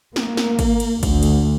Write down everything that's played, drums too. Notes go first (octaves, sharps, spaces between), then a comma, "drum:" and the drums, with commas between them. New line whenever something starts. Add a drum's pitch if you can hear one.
A#3, drum: snare
drum: snare
drum: kick, cymbal
drum: cymbal
D2, drum: kick, cymbal
drum: cymbal